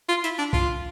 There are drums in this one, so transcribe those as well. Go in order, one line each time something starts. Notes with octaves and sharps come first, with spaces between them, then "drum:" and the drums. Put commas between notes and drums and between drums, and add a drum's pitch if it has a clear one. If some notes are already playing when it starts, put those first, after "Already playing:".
F4
E4, drum: hi-hat
D4
F4, drum: kick B1